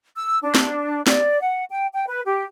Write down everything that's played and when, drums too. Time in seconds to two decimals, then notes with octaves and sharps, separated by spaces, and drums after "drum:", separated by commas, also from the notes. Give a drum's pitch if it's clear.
0.16 E6
0.43 D4
0.55 drum: snare
1.07 D5, drum: snare
1.42 F#5
1.71 G5
1.93 G5
2.07 B4
2.25 G4